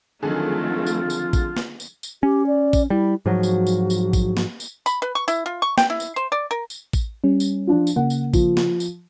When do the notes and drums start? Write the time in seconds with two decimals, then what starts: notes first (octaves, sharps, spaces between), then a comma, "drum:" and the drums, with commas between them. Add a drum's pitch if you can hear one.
0.22 F2 D3 D#3 F#3 A3 F4 G#4 A4
0.87 drum: tambourine
1.10 drum: tambourine
1.33 drum: kick A1, tambourine
1.57 drum: snare
1.80 drum: tambourine
2.03 drum: tambourine
2.23 C#4 G4
2.47 D5
2.73 drum: kick A1, tambourine
2.90 G3 E4
3.26 G#2 F3 F#3 F#4
3.43 drum: tambourine
3.67 drum: tambourine
3.90 drum: tambourine
4.13 drum: kick A1, tambourine
4.37 drum: snare
4.60 drum: tambourine
4.86 B5, drum: tambourine
5.02 B4
5.15 C#6
5.28 E4, drum: tambourine
5.46 F4
5.62 C#6
5.78 G5, drum: snare
5.90 E4
6.00 drum: tambourine
6.16 C5
6.32 D5
6.51 A#4
6.70 drum: tambourine
6.93 drum: kick A1, tambourine
7.24 G3 C#4
7.40 drum: tambourine
7.67 F3 D4 F4
7.87 drum: tambourine
7.96 C#3 A#3 F#5
8.10 drum: tambourine
8.34 F3, drum: kick A1, tambourine
8.57 drum: snare
8.80 drum: tambourine